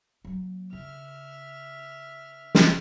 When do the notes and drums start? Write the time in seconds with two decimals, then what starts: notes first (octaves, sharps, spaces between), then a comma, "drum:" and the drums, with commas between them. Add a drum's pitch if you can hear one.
0.25 F#3 A#3
0.73 C#3 E5 F6
2.55 drum: snare